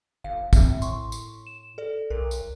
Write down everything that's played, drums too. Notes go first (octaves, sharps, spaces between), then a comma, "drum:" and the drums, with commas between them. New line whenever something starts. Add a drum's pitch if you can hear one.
G1 F5
A2 C4 E5, drum: kick, tambourine
C6 C#6, drum: tambourine
drum: tambourine
E7
A4 D5
B1 A#4
drum: tambourine